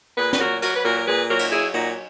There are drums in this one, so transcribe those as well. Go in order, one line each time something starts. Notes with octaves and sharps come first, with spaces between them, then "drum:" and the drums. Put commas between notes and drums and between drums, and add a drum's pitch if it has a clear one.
A#2 G#4 B4
B4, drum: snare
F#3 F#4 A#4
F#3 F#4 A#4, drum: cymbal
B4
A#2 F#4 A#4
A#4
A#2 G#4 B4
F#3 F#4 A#4
drum: cymbal
F#3 E4 G#4
A#2 D#4 F#4